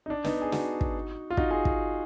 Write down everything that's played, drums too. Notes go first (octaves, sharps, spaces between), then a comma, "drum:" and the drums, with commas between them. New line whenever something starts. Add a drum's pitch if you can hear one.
D#4
D4
B3 D#4, drum: snare
G#4
D#4 F#4, drum: snare
drum: kick
F4
D#4 F#4, drum: kick
F4 G#4
drum: kick